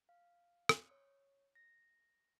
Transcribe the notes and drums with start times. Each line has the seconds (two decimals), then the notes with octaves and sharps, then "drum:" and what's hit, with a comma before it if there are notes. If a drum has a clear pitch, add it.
0.09 F5
0.69 drum: rim click
0.91 C#5
1.55 A#6